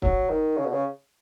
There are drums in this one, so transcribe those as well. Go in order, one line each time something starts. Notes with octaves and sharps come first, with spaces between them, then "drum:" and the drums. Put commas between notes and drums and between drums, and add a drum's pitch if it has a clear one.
F#3, drum: kick
D#3
C#3
B2
C#3